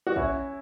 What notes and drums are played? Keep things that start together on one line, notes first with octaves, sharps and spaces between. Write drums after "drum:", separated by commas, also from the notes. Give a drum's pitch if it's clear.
F#4
C#4 E4, drum: kick